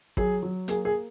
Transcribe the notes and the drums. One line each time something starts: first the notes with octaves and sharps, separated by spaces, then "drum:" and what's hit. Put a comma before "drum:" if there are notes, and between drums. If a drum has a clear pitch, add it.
F#3 G#4, drum: kick
F#3
A#3 G#4, drum: hi-hat
G#4